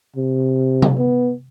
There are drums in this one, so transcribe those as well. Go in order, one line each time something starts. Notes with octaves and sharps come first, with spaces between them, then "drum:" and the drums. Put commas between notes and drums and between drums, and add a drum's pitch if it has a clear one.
C3
drum: tom C3
B3